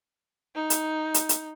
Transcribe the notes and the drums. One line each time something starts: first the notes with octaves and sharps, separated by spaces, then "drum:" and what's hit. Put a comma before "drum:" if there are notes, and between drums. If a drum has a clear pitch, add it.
D#4
drum: hi-hat
drum: hi-hat
drum: hi-hat